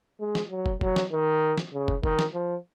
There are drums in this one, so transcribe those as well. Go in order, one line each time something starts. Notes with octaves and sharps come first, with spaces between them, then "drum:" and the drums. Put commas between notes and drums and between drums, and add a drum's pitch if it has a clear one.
G#3
drum: snare
F#3
drum: kick
F#3, drum: kick
drum: snare
D#3
drum: snare
C#3
drum: kick
D#3, drum: kick
drum: snare
F3